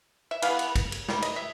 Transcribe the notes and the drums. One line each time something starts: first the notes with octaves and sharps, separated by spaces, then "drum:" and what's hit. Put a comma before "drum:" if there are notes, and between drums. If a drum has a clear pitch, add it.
E5
E3 G#3 B3 F5, drum: cymbal
drum: cymbal
drum: kick, cymbal
drum: cymbal
D#3 G3, drum: snare
D#5, drum: cymbal
E5